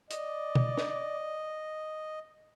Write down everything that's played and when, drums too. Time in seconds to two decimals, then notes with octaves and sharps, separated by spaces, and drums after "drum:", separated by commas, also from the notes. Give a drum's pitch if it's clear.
0.11 D5 D#5, drum: hi-hat
0.55 drum: tom
0.77 drum: snare